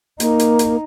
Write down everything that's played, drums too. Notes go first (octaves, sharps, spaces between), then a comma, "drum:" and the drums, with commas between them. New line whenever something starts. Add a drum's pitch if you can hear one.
A#3 D#4, drum: hi-hat
drum: hi-hat
drum: hi-hat